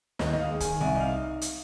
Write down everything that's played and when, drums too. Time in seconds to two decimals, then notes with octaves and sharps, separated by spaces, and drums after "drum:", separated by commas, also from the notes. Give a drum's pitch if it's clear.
0.19 D#2 D#5, drum: snare
0.33 D#2 D#5
0.40 F5
0.50 G#3
0.60 D#3 G#5, drum: kick, hi-hat
0.80 C2 G#5
0.95 D#4
1.00 F5
1.42 drum: hi-hat